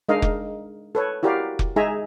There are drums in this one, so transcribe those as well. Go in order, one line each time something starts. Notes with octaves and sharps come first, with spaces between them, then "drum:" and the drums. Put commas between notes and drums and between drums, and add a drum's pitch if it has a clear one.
G#3 D4 D#4 A#4 D#5 F5
drum: kick F1
A4 B4 C#5
E4 F#4 G4 A#4 D5 F5
drum: kick F1
G#3 D#4 G#4 E5 G#5 A#5